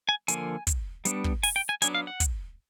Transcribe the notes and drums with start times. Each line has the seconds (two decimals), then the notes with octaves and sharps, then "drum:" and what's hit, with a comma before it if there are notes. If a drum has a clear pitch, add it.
0.09 G#5
0.28 D3 F3 A#3 G#5, drum: hi-hat
0.67 drum: kick, hi-hat
1.05 G3 B3 D4, drum: hi-hat
1.24 drum: kick
1.43 G#5, drum: open hi-hat
1.56 G5
1.69 G#5
1.82 F#3 B3 D4 G#5, drum: hi-hat
1.94 F5
2.07 F#5
2.20 drum: kick, hi-hat